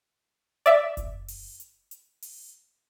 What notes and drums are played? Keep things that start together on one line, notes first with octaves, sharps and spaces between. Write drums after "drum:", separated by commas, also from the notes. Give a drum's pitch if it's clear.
D5 E5, drum: hi-hat
drum: kick F#1, hi-hat
drum: open hi-hat
drum: hi-hat
drum: hi-hat
drum: open hi-hat